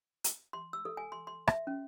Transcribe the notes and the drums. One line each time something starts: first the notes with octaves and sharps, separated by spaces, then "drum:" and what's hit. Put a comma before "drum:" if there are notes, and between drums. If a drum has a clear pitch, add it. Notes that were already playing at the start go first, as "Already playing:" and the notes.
drum: hi-hat
C6
E6
A4
G#5
C6
C6
E5, drum: rim click
C#4